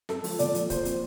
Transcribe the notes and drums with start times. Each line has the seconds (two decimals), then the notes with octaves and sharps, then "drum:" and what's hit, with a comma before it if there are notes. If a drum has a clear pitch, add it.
0.09 C4 A4, drum: snare
0.24 F3, drum: open hi-hat
0.39 A#2 D5, drum: hi-hat
0.55 F3, drum: hi-hat
0.70 A#2 C5, drum: kick C#1, hi-hat
0.85 C4, drum: hi-hat